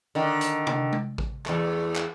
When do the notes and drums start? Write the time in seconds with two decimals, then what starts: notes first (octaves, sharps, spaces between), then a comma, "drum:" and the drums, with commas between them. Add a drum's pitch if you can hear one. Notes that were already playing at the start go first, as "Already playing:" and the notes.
0.15 D3 D#3
0.41 drum: hi-hat
0.67 drum: tom
0.93 drum: tom G#3
1.18 drum: kick A1
1.46 E2 A3, drum: clap
1.96 drum: clap